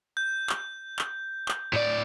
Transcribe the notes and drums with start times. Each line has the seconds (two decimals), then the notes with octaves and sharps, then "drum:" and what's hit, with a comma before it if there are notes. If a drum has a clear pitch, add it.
0.17 G6
0.49 drum: clap
0.99 drum: clap
1.48 drum: clap
1.73 A2 D5